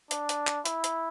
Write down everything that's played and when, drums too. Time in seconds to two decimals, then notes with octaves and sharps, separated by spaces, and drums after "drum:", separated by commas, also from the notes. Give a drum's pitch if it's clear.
0.11 D4, drum: hi-hat
0.29 drum: hi-hat
0.47 drum: clap
0.65 E4, drum: hi-hat
0.84 drum: hi-hat